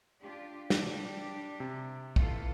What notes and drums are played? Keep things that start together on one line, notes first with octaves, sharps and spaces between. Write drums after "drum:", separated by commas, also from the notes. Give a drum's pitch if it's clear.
D4 F4 G4
G3 D4 G4, drum: snare
C3
E3 F4 A4, drum: kick